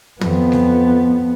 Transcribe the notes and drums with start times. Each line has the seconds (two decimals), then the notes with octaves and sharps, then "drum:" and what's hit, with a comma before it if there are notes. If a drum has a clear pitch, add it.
0.21 F2 B3, drum: tom
0.52 drum: snare G3